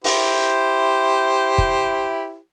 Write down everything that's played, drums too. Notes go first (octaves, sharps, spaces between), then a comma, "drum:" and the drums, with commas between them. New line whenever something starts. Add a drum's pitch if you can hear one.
E4 G4 C5, drum: open hi-hat
drum: kick